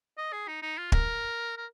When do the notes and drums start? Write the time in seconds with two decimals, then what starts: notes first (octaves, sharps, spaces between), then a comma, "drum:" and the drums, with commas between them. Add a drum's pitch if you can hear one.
0.18 D#5
0.32 G#4
0.48 D#4
0.62 D#4
0.78 F4
0.92 A#4, drum: kick
1.57 A#4